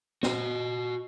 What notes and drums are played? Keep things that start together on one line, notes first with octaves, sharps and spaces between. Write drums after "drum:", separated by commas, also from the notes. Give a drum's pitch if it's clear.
F#4 D#5, drum: snare